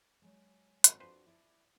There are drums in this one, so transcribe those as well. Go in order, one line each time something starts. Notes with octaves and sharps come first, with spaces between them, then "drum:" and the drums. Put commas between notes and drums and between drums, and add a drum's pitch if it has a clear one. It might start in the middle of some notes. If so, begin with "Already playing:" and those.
F#3 G#3
G#1 F#2, drum: hi-hat
F2 D4 F#4 B4 C5
E4 D5 A5